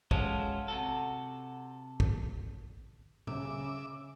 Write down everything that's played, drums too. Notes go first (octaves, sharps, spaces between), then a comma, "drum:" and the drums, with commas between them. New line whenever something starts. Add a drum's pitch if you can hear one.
G#3 C#4 F4 F#4 A4, drum: kick
C3 F#4 A4
drum: kick
C#3 E5 D6, drum: tom A#2